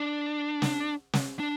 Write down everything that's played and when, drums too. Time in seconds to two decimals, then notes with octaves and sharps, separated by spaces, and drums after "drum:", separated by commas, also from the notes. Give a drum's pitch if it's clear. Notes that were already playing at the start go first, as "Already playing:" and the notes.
Already playing: D4
0.62 drum: snare
1.13 drum: snare
1.40 D4